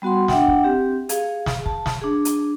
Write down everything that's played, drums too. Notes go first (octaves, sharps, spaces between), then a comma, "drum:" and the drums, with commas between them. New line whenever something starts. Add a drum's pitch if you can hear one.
G3 B3 F#4 F#5 C6
D4 E5 F#5 G5, drum: snare
drum: kick
C4 G4
G#4 F5, drum: hi-hat
drum: snare
A5, drum: kick
drum: snare
D4 G#4
drum: hi-hat